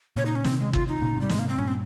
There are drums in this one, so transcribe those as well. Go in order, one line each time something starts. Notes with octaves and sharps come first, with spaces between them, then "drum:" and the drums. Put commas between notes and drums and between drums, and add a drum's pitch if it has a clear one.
A#2 C#3 C#5
D#4
C#4
C3 D#3 C4, drum: snare
G#3
F4, drum: kick G1
D#4
A#2 C#3
G#2 C3
G3
G#2 C3 G#3, drum: snare
A#3
C4
G2 A#2 C#4
C4